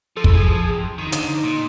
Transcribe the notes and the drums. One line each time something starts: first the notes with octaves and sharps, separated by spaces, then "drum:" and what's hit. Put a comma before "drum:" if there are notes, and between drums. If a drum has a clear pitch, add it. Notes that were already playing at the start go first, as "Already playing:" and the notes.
F3 A4
E3, drum: kick
F3 G#4
G#4
C3
D#3
D#4
D3, drum: hi-hat
D#4
A#2